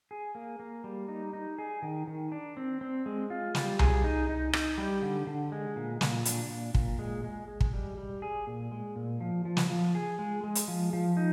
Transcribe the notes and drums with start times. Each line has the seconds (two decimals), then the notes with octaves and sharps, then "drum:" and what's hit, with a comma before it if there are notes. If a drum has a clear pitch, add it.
0.11 G#4
0.35 A#3
0.60 A#3
0.84 G3
1.08 D#4
1.33 D#4
1.58 G#4
1.82 D#3
2.07 D#3
2.32 D4
2.57 C4
2.81 C4
3.06 G#3
3.30 F4
3.55 G3, drum: snare
3.79 G#4, drum: tom C2
4.04 D#4
4.29 D#4
4.53 D#4, drum: rim click
4.78 G3
5.02 D3
5.27 D3
5.52 G#3
5.76 A#2
6.01 A#2, drum: snare
6.25 D4, drum: hi-hat
6.50 A#2
6.75 A#2, drum: kick
6.99 G#3
7.24 G#3
7.48 G#3
7.61 drum: kick
7.73 G3
7.97 G3
8.22 G#4
8.47 A#2
8.72 G#3
8.96 A#2
9.21 F3
9.45 F3
9.57 drum: snare
9.70 F3
9.95 G#4
10.19 G#3
10.44 G#3
10.55 drum: hi-hat
10.68 F3
10.93 F3
11.17 D#4